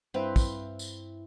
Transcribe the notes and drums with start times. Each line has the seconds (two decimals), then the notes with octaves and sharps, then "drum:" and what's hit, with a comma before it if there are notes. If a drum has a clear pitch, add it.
0.14 G2 C4 E4 B4 F5
0.36 drum: kick, tambourine
0.79 drum: tambourine